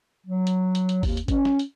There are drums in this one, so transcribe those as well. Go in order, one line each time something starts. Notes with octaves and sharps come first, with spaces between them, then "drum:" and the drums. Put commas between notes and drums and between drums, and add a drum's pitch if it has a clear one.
F#3
drum: hi-hat
drum: hi-hat
drum: hi-hat
D#2, drum: kick G1, open hi-hat
drum: hi-hat
C#4, drum: kick G1, hi-hat
drum: snare
drum: hi-hat